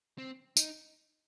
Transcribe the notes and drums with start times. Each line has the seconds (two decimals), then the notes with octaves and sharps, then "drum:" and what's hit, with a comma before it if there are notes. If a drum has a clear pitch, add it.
0.18 C4
0.57 D#4, drum: tambourine